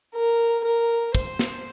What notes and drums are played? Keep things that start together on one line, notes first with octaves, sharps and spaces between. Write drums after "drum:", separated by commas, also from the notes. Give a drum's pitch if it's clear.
A#4
A#4
C5, drum: kick
drum: snare